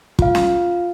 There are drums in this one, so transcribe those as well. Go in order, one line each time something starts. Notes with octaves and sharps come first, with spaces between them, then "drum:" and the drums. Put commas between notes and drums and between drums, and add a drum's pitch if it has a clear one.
F4 F5, drum: kick
drum: snare C#4